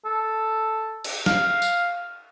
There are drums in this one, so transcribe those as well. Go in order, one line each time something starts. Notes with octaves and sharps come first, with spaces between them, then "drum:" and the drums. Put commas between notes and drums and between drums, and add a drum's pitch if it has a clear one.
A4
drum: cymbal
F5, drum: snare
drum: tambourine